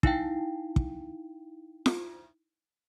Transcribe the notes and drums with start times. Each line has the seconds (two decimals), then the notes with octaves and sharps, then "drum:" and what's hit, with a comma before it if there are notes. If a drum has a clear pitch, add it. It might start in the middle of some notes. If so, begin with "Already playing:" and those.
0.03 D#4 E4 F5 G5, drum: kick
0.76 drum: kick
1.86 drum: snare